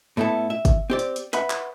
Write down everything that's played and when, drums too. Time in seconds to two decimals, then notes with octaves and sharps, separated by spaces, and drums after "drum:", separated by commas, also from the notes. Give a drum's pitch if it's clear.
0.17 A2 A3 B3 E4 A4
0.50 E5
0.65 drum: kick, hi-hat
0.90 C4 G4 D5
0.99 drum: hi-hat
1.16 drum: hi-hat
1.33 B4 E5 F#5 B5, drum: hi-hat
1.50 drum: clap